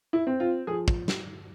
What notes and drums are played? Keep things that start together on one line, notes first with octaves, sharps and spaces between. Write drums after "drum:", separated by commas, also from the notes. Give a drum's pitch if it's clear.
E4
C4
F4
F3 G#4
drum: kick
drum: snare